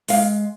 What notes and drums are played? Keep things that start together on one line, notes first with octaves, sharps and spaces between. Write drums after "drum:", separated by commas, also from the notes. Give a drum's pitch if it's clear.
G#3 F5, drum: open hi-hat